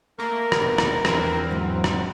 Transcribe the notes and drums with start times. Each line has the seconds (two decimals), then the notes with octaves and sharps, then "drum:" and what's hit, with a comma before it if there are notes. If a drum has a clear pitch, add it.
0.19 A3 A#3 A#4
0.52 drum: rim click
0.61 E2 B2
0.78 drum: rim click
1.05 E2 E3 F3 C4 D4, drum: rim click
1.49 G#2 D3 F#3
1.84 drum: rim click